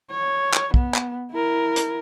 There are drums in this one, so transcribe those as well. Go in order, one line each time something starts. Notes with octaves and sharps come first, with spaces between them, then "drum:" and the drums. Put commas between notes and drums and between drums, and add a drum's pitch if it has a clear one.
C#5
drum: clap
B3, drum: kick
drum: clap
E4 A#4
drum: hi-hat